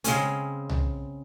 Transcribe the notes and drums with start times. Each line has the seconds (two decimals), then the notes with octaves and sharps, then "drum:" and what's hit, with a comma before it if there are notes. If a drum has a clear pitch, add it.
0.04 C#3 G#3 C4 C#4, drum: hi-hat
0.69 drum: tom C2